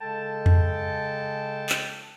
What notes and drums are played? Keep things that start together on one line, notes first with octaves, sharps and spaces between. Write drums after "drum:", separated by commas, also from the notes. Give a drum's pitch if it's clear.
C#3 G#3 A4 G5 A5
drum: tom E2
drum: clap